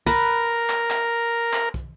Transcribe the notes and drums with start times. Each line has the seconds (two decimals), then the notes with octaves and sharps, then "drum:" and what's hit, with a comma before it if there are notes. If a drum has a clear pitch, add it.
0.06 A#4 B4 A#5, drum: kick
0.69 drum: clap
0.90 drum: clap
1.53 drum: clap
1.74 drum: kick